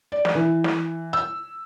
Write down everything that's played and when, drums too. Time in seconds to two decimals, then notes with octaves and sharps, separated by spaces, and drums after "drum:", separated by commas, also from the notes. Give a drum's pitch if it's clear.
0.12 D5
0.25 drum: snare
0.35 E3
0.64 drum: snare
1.13 E6